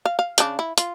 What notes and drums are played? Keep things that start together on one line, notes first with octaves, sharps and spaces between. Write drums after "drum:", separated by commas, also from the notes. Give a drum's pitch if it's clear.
F5
F5
C#3 D4, drum: hi-hat
E4
F4, drum: hi-hat